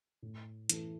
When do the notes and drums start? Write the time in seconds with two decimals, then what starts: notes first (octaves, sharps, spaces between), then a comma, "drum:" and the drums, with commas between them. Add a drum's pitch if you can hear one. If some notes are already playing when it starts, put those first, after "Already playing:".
0.22 A2
0.69 E3 A3, drum: hi-hat